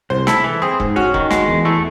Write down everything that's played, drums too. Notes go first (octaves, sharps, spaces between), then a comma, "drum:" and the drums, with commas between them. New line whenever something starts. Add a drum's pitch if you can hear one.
C2 C5
E4 A4, drum: snare
E3
C4 G#4
G#2, drum: kick F1
C#4 F#4
D#3, drum: kick F1
G#3 F#4, drum: snare
E2
A3 E4